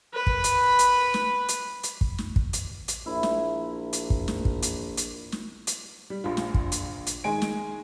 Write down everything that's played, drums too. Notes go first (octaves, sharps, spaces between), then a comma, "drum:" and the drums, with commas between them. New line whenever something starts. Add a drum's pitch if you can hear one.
B4 B5
drum: kick
drum: hi-hat
drum: hi-hat
drum: snare
drum: hi-hat
drum: hi-hat
drum: kick
drum: snare
drum: kick
drum: hi-hat
drum: hi-hat
A#1 E4
drum: snare
drum: hi-hat
drum: kick
drum: snare
drum: kick
drum: hi-hat
drum: hi-hat
drum: snare
drum: hi-hat
G3
A#1 F4
drum: snare
drum: kick
drum: hi-hat
drum: hi-hat
D#3 G#3 G#5 D7
drum: snare